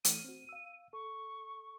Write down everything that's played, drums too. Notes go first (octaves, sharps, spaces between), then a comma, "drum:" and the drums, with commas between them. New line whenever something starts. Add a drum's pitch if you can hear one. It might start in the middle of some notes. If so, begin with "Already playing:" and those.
E3 A3 F6 D#7, drum: hi-hat
C4 F#4
F5 E6
A4 C#6